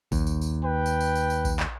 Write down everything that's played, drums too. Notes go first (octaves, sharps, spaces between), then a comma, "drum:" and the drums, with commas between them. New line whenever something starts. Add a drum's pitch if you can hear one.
D#2, drum: kick A#1, tambourine
drum: tambourine
drum: tambourine
B4 G5
drum: tambourine
drum: tambourine
drum: tambourine
drum: tambourine
drum: kick A#1, tambourine
drum: clap